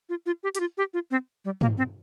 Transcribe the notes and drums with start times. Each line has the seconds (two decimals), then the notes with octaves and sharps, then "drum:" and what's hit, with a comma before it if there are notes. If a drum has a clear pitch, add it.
0.09 F4
0.26 F4
0.43 G4
0.55 G4, drum: hi-hat
0.60 F4
0.78 G4
0.94 F4
1.11 C4
1.45 G3
1.61 A#3, drum: tom
1.78 C4